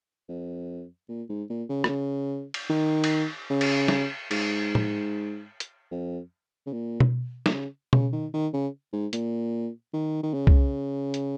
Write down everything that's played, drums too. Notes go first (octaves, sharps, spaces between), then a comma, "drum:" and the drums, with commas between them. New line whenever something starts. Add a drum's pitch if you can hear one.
F2
A#2
G#2
A#2
C#3
A#2, drum: rim click
C#3
drum: cymbal
D#3
drum: cymbal
C#3
drum: cymbal
drum: snare
G#2, drum: cymbal
drum: tom
drum: hi-hat
F2
C#3
A#2
drum: tom B2
A#2, drum: snare
C#3
C#3, drum: tom B2
D#3
D#3
C#3
G#2
A#2, drum: hi-hat
D#3
D#3
C#3
drum: kick C2
drum: hi-hat